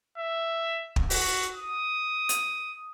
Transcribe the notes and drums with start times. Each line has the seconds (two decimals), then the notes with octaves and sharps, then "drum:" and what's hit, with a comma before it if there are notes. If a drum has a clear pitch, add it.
0.18 E5
0.96 drum: kick
1.10 F#4, drum: open hi-hat
1.54 D#6
2.29 drum: hi-hat